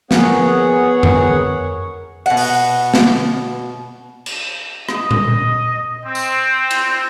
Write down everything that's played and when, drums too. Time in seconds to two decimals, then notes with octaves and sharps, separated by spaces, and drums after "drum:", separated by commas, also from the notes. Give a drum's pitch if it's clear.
0.11 F3 B3 G#4 A#4 C#5 F#5, drum: snare
1.03 A#4 C#6, drum: tom F2
2.26 B2 F#5
2.37 drum: open hi-hat
2.94 drum: snare
4.26 drum: cymbal
4.89 D#5, drum: rim click
5.11 drum: tom A#2
6.05 C4
6.15 drum: tambourine
6.71 drum: cymbal